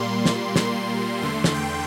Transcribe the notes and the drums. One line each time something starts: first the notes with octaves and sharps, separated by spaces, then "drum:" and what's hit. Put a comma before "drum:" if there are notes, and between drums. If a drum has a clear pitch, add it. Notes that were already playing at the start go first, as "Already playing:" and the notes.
Already playing: A#2 G3 A#3 C6
drum: snare
C6, drum: snare
E2 D3 A3 C6
drum: snare
G5